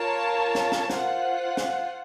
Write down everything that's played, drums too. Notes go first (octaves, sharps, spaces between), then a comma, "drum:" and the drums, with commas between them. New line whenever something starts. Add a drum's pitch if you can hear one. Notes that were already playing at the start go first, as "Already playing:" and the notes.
Already playing: F4 A#4 C#5 A5
drum: snare
drum: snare
F4 C5 F#5, drum: snare
drum: snare